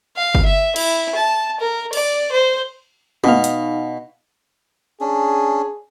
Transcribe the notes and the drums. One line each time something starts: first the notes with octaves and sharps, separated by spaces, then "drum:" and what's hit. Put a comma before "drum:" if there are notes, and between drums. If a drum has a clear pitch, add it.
F5
drum: kick
E5
E4, drum: cymbal
A5
A#4
D5, drum: cymbal
C5
B2 D#4 F5, drum: tom
drum: hi-hat
C#4 D4 G#4